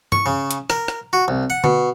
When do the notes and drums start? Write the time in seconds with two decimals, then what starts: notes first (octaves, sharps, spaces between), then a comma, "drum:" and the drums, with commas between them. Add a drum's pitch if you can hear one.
0.12 C#6, drum: tom G2
0.26 C#3
0.51 drum: hi-hat
0.70 A#4, drum: rim click
0.88 drum: rim click
1.13 F#4
1.28 C2
1.50 F#5
1.64 B2, drum: tom D3